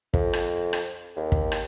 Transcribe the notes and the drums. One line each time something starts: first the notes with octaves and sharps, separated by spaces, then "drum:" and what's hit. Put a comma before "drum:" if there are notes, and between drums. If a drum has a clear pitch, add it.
F2, drum: kick
drum: rim click
drum: rim click
D#2
drum: kick
drum: rim click